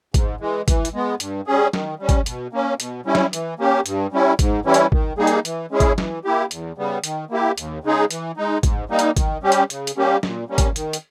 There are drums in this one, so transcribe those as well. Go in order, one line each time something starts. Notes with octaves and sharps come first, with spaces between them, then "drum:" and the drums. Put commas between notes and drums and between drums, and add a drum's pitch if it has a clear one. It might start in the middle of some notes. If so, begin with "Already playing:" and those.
G#2, drum: kick, hi-hat
E3 G#3
E3, drum: kick, hi-hat
drum: hi-hat
G#3 B3
G2, drum: hi-hat
G3 C#4 G#4
D#3, drum: snare F#3
G3 C#4
drum: kick, hi-hat
B2, drum: hi-hat
A#3 C#4
B2, drum: hi-hat
G3 C#4 E4
drum: snare F#3
E3, drum: hi-hat
A#3 C#4 G4
G2, drum: hi-hat
G3 C#4 E4
G#2, drum: kick, hi-hat
E3 G3 C#4 E4
drum: hi-hat
D#3, drum: kick
G3 A#3 D#4 G#4
drum: hi-hat
E3, drum: hi-hat
G#3 C#4 E4 G#4
drum: kick, hi-hat
E3, drum: snare F#3
A#3 E4 G4
E2, drum: hi-hat
C#3 G3 B3
D#3, drum: hi-hat
A#3 E4 G4
D#2, drum: hi-hat
C#3 G#3 D#4 G#4
E3, drum: hi-hat
G#3 D#4
G#2, drum: kick, hi-hat
G3 A#3 D#4
drum: hi-hat
D#3, drum: kick, hi-hat
G3 C#4 G4
drum: hi-hat
C#3, drum: hi-hat
drum: hi-hat
G3 A#3 C#4 G4
A#2, drum: snare F#3
G3 A#3 C#4
drum: kick, hi-hat
D#3, drum: hi-hat
drum: hi-hat